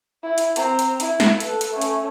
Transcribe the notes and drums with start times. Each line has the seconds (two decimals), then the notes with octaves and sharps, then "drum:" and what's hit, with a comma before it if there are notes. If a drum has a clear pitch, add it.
0.23 E4
0.38 drum: hi-hat
0.56 C4 A#5, drum: hi-hat
0.79 drum: hi-hat
1.00 E4, drum: hi-hat
1.20 drum: snare
1.40 A4 B4, drum: hi-hat
1.61 drum: hi-hat
1.72 A3 C#4
1.81 drum: hi-hat